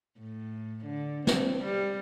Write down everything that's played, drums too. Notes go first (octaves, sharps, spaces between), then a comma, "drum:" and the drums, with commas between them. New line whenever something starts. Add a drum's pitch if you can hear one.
A2
D3
C4, drum: snare
G3